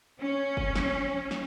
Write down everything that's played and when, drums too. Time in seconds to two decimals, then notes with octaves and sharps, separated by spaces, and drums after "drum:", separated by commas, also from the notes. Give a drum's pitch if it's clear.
0.20 C#4
0.57 drum: kick
0.75 drum: snare
1.31 drum: snare